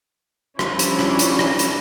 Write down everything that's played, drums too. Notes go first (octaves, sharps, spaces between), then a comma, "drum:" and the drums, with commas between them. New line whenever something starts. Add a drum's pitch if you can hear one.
F3 G3 C#4 D4 E4, drum: rim click
drum: hi-hat
drum: rim click
drum: hi-hat
drum: rim click
drum: hi-hat